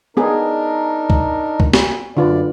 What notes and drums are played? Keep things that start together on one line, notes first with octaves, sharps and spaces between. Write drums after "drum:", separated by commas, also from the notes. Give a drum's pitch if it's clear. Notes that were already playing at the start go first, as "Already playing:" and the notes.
B3 D4 D#4 G#4 A#4
drum: kick
drum: kick
drum: snare
F#2 D3 F4 B4 D5